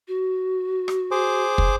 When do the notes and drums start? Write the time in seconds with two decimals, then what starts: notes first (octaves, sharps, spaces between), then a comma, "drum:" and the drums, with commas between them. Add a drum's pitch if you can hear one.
0.08 F#4
0.88 drum: rim click
1.11 G#4 C5 D6
1.58 drum: kick